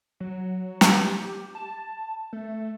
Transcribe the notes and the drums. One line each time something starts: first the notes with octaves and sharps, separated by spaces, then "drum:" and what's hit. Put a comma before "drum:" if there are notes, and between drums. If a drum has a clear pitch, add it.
F#3
G4, drum: snare
A5
A3